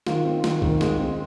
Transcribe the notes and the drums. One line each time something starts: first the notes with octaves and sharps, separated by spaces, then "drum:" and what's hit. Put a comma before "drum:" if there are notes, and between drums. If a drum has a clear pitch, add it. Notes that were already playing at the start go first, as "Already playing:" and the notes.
D#3 F4, drum: snare
C4
D#3, drum: snare
D#3, drum: kick B1
G#3, drum: snare
C4